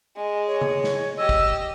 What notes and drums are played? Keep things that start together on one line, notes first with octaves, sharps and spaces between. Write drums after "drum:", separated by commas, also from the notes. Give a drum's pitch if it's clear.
G#3
C#5
drum: tom C#3
drum: snare
G4 D#5 E6
drum: kick